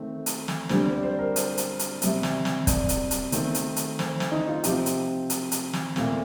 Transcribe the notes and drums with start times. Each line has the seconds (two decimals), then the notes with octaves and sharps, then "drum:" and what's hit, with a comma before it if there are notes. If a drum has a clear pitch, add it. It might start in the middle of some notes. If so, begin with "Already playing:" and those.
Already playing: D#3 A3 C4
0.26 drum: hi-hat
0.48 drum: snare
0.69 D3 G3 C4 C5, drum: snare
0.86 C5
0.97 D5
1.03 C5
1.19 A#4
1.36 C5, drum: hi-hat
1.57 drum: hi-hat
1.79 drum: hi-hat
2.02 C3 G3 C4, drum: hi-hat
2.23 drum: snare
2.45 drum: snare
2.67 D5, drum: kick, hi-hat
2.89 drum: hi-hat
3.11 drum: hi-hat
3.32 D#3 A3 C4, drum: hi-hat
3.55 drum: hi-hat
3.76 drum: hi-hat
3.99 C5, drum: snare
4.20 drum: snare
4.31 D#4
4.47 F4
4.64 C3 F3 C4 G4, drum: hi-hat
4.86 drum: hi-hat
5.30 drum: hi-hat
5.52 drum: hi-hat
5.73 drum: snare
5.96 A#2 A3 C4, drum: snare